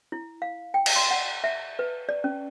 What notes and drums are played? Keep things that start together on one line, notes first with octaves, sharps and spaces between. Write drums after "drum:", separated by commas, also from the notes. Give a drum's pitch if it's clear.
E4
F5
G5
drum: cymbal
C6
F#5
E5
B4
D5
C#4